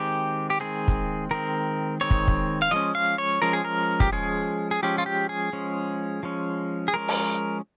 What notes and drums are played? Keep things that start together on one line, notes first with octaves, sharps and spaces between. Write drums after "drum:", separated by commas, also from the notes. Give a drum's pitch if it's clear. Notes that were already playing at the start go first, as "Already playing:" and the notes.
Already playing: D#3 G#3 C4 G4
G4
D#3 G#3 C4 G#4
drum: kick
D#3 G#3 C4 A#4
D#3 G#3 C4 C#5
drum: kick
drum: kick
F5
F3 G#3 C#4 D#5
F5
C#5
F3 G#3 C#4 A#4
G#4
A#4
G4, drum: kick
F3 G#3 C#4 G#4
G#4
F3 G#3 C#4 G4
F4
G4
G#4
F3 G#3 C#4
F3 G#3 C#4
G#4
F3 G#3 C#4 A#4
drum: open hi-hat